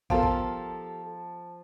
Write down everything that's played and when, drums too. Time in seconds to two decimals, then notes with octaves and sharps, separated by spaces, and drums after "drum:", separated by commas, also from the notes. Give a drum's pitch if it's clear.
0.10 F3 B3 G4 A4 A#4 C5 F5 A5, drum: kick
0.23 drum: kick